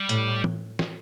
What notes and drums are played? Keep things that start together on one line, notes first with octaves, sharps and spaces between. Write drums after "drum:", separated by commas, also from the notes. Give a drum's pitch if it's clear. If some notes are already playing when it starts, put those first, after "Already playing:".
Already playing: G3
A2, drum: hi-hat
drum: tom E3
drum: snare